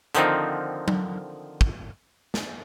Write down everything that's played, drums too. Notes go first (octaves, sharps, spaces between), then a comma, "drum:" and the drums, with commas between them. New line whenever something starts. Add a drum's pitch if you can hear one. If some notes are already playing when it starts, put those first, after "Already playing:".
D3 D#3 F3 C4 D#4, drum: hi-hat
drum: tom F#3
drum: kick
drum: snare